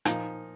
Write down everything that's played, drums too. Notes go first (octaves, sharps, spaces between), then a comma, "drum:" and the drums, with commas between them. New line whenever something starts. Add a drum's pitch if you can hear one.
A#2 F3 A#3 D#4, drum: rim click